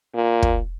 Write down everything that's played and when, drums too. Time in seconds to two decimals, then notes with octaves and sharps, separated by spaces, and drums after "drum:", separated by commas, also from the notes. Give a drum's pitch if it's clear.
0.15 A#2
0.42 drum: kick